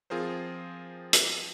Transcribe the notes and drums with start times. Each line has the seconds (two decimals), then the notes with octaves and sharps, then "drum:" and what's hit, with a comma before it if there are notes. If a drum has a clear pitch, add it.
0.10 F3 C4 F4 G#4 A#4 C5
1.13 drum: hi-hat